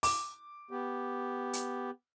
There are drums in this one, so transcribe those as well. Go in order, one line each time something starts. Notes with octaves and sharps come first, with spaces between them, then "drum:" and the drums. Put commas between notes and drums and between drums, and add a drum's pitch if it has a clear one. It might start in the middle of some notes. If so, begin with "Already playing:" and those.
D6, drum: open hi-hat
B3 G4
drum: hi-hat